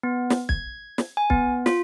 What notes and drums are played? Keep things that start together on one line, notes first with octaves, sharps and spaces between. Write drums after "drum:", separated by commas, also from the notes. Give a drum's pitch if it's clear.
B3
drum: snare
G#6, drum: kick
drum: snare
G#5
B3, drum: kick
F4, drum: snare